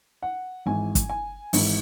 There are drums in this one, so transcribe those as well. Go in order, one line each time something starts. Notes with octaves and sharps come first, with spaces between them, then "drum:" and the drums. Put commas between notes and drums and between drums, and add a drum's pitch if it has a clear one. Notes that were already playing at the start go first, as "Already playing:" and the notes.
F#5
G#1 G#2 E3 G#5
drum: kick, hi-hat
G#5
G#1 G#2 E3, drum: open hi-hat